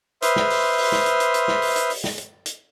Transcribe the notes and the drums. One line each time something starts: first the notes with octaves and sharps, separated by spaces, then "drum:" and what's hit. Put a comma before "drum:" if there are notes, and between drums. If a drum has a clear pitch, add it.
B4 C5 E5 C6 D#6 F6, drum: hi-hat
drum: snare
drum: open hi-hat
drum: open hi-hat
drum: snare
drum: hi-hat
drum: hi-hat
drum: hi-hat
drum: snare
drum: open hi-hat
drum: hi-hat
drum: open hi-hat
drum: snare
drum: hi-hat
drum: hi-hat